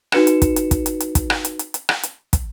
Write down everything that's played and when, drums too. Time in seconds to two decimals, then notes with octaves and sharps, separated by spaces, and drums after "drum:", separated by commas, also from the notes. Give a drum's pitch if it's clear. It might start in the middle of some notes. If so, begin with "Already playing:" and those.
0.12 D#4 F#4 B4 C#7 E7, drum: rim click
0.27 drum: hi-hat
0.42 drum: kick, hi-hat
0.56 drum: hi-hat
0.71 drum: kick, hi-hat
0.86 drum: hi-hat
1.00 drum: hi-hat
1.15 drum: kick, hi-hat
1.30 drum: rim click
1.45 drum: hi-hat
1.59 drum: hi-hat
1.74 drum: hi-hat
1.89 drum: rim click
2.03 drum: hi-hat
2.33 drum: kick, hi-hat